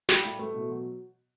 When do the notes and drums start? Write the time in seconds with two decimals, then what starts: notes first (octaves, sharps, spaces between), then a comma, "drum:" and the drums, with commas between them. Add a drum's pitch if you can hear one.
0.09 G3, drum: snare
0.24 A2
0.39 A3
0.54 B2
0.69 F#3